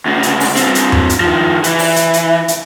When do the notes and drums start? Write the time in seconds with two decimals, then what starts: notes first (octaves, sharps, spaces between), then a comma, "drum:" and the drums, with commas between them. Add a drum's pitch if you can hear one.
0.05 D2 C#3
0.23 drum: hi-hat
0.40 drum: open hi-hat
0.56 G2 C4, drum: hi-hat
0.75 drum: hi-hat
0.92 drum: tom F#2
1.09 drum: hi-hat
1.20 D#3 F3
1.64 E3, drum: hi-hat
1.79 drum: open hi-hat
1.96 drum: hi-hat
2.13 drum: hi-hat
2.48 drum: hi-hat